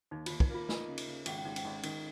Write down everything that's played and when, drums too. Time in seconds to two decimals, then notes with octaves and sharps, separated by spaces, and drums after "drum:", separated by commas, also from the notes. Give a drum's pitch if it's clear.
0.11 D#2 D#4
0.26 D#2 F4, drum: cymbal
0.40 D#4, drum: kick
0.50 A#3 F4
0.69 D#4 F4, drum: snare
0.88 C#3
0.98 drum: cymbal
1.08 C#3
1.26 G#1 C#4, drum: cymbal
1.38 C#4
1.45 G#1 D#4
1.56 C#4, drum: cymbal
1.65 G#1 D#4
1.83 D#3 C#4, drum: cymbal